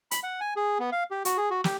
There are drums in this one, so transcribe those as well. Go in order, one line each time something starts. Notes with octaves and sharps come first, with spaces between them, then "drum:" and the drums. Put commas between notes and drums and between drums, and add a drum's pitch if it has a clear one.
B5, drum: hi-hat
F#5
G#5
G#4
B3
F5
G4
F#4, drum: hi-hat
G#4
F#4
G4, drum: snare